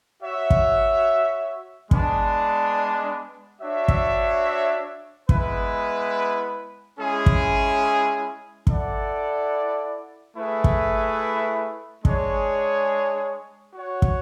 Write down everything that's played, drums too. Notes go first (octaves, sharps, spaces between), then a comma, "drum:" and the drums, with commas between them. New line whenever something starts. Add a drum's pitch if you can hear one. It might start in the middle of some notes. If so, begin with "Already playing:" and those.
F#4 C#5 E5
drum: kick
G#3 B3 D4, drum: kick
D4 F#4 C#5 E5
drum: kick
G#3 B3 E4 B4, drum: kick
G#3 C#4 E4 G#4
drum: kick
E4 A4 D5 F#5, drum: kick
A3 E4 G#4 B4 E5
drum: kick
G#3 D4 G#4 C#5, drum: kick
F#4 C#5 F#5
drum: kick